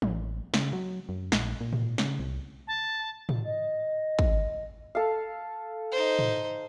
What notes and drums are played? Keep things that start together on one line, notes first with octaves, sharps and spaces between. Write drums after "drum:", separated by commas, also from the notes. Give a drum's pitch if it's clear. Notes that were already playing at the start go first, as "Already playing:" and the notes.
A1, drum: tom
C#3, drum: snare
F#3
F#2
A#1, drum: snare
A#2
drum: tom
C#3, drum: snare
C2
A5
drum: tom
D#5
drum: kick
A4 F5
D#4 C5
drum: tom